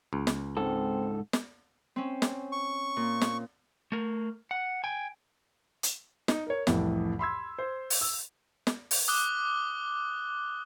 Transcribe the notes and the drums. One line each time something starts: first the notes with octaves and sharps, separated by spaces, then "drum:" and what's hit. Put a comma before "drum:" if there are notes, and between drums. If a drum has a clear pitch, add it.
C#2
drum: snare
G#2 C4 D#4 A4
drum: snare
C4 C#4
drum: snare
C#6
A#2
drum: snare
A3 A#4
F#5
G5 G#5
drum: hi-hat
D#4, drum: snare
A#4 C#5
C2 F2 A2 E3, drum: snare
B5 C6 E6 G#6
C5
drum: open hi-hat
E6
drum: snare
drum: open hi-hat
D6 D#6 F#6 G7